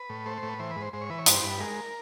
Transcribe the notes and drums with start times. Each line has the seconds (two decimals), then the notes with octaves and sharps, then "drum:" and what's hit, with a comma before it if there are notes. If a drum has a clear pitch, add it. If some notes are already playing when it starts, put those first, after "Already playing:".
Already playing: B4
0.09 A2
0.26 A3 C5
0.38 C5
0.43 A2
0.49 B4
0.59 E3 C5
0.71 B4
0.76 G#2
0.82 C5
0.93 G#2 C5
1.01 C#5
1.10 E3 B4
1.18 C#5
1.26 G2 C5, drum: hi-hat
1.43 G2 B4
1.60 G#3 A#4